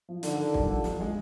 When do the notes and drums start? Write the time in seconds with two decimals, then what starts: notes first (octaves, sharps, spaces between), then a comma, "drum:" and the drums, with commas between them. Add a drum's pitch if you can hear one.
0.09 F3
0.23 D3 D#3, drum: hi-hat
0.54 G3, drum: kick
0.69 F3
0.84 drum: snare
1.00 G#3